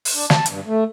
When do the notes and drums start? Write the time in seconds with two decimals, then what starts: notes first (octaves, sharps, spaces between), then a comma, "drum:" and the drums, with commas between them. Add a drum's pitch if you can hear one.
0.05 drum: open hi-hat
0.14 D4
0.30 A5, drum: snare
0.46 G2, drum: hi-hat
0.67 A3